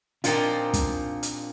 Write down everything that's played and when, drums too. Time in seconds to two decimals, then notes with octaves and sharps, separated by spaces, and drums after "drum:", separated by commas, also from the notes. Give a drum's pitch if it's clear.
0.24 A#2 F3 C4 D4 D#4 F4 G4, drum: hi-hat
0.74 drum: kick, hi-hat
1.23 drum: hi-hat